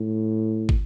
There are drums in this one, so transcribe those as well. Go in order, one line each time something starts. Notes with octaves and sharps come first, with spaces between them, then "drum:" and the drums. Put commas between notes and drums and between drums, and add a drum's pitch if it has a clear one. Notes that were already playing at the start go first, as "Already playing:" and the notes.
Already playing: A2
drum: kick